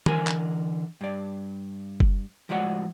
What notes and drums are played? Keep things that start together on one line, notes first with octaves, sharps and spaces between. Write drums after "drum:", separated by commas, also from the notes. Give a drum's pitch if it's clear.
D3 E3 A#4 G#5 C6, drum: tom
drum: clap
G2 D5
drum: kick F#1
A2 F3 G#3 F#4 D5 F#5